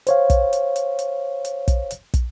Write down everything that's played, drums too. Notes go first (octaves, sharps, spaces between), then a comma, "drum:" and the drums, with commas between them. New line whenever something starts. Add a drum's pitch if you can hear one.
C5 C#5 F5, drum: hi-hat
drum: kick, hi-hat
drum: hi-hat
drum: hi-hat
drum: hi-hat
drum: hi-hat
drum: kick, hi-hat
drum: hi-hat
drum: kick, hi-hat